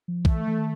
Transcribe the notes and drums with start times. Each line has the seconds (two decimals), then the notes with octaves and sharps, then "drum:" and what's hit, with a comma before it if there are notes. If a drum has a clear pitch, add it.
0.08 F3
0.25 E3 A3, drum: kick A#1
0.47 E3
0.59 D#3